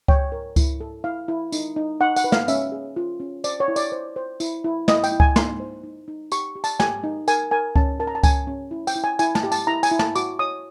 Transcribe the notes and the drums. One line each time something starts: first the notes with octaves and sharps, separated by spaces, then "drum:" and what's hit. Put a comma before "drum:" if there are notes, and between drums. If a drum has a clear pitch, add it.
C#5 G5, drum: kick C#2
A#4
E4, drum: kick C#2, tambourine
A4
E4 F5
E4
D#4, drum: tambourine
D#4
D#4 F#5
F#5, drum: tambourine
B4
F5, drum: snare
C#4 E5, drum: tambourine
G#4
F4
C#4
C5 D5, drum: tambourine
C#5
E4
D5, drum: tambourine
C5
C5
E4, drum: tambourine
E4
E4 D#5, drum: snare
G5, drum: tambourine
E4
G#5, drum: kick C#2
D#4 C6, drum: snare
C5
D#4
D#4
G4 C#6, drum: tambourine
G4
A5, drum: tambourine
G4 G#5, drum: snare
D#4
A#4 G#5, drum: tambourine
A#4 G#5
C#4 A5, drum: kick C#2
A#4 A5
A#5
A5
C#4 G#5, drum: kick C#2, tambourine
C#4
E4
G5, drum: tambourine
E4
G#5
E4 G#5, drum: tambourine
A5, drum: snare
G4
A5, drum: tambourine
E4 A#5
G#5, drum: tambourine
E4
A5, drum: snare
F#4 D6, drum: tambourine
C#5 D#6